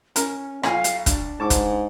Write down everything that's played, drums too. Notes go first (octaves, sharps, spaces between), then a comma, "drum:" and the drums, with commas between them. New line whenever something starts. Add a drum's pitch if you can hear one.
C#4 A#4, drum: hi-hat
B1 F4 F5 G#5, drum: rim click
drum: hi-hat
D4, drum: kick, hi-hat
G#2 A5 C#6 D6
drum: kick, hi-hat